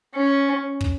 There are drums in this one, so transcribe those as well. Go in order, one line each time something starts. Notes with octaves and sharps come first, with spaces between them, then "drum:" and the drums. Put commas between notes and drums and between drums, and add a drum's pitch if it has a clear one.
C#4
drum: kick